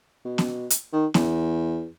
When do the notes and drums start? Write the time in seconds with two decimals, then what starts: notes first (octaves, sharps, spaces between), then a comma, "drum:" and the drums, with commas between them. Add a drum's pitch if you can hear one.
0.25 B2
0.38 drum: snare B3
0.70 drum: hi-hat
0.92 D#3
1.14 E2, drum: snare B3